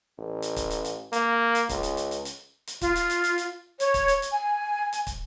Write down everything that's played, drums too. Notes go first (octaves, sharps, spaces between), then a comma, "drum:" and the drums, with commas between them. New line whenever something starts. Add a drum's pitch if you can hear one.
A1
drum: hi-hat
drum: kick, hi-hat
drum: hi-hat
drum: hi-hat
A#3, drum: hi-hat
drum: hi-hat
C#2, drum: kick, hi-hat
drum: hi-hat
drum: hi-hat
drum: hi-hat
drum: hi-hat
drum: hi-hat
F4, drum: kick, hi-hat
drum: hi-hat
drum: hi-hat
drum: hi-hat
drum: hi-hat
C#5, drum: hi-hat
drum: kick, hi-hat
drum: hi-hat
drum: hi-hat
G#5
drum: hi-hat
drum: kick, hi-hat